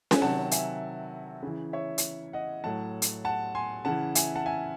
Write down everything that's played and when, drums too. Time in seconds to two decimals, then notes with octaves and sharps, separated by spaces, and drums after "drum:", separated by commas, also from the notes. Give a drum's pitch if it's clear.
0.11 G#5, drum: snare C#4
0.21 C3 D#3 F#3 F#5 A5
0.51 E5 G#5, drum: hi-hat
1.43 C#3 E3
1.73 C#5 E5
1.98 drum: hi-hat
2.33 D#5 F#5
2.64 A2 F#3 F#5 A5
3.02 drum: hi-hat
3.25 F#5 A5
3.55 G#5 C6
3.85 C#3 E3 F#5 A5
4.15 E5 G#5, drum: hi-hat
4.35 F#5 A5
4.46 E5 G#5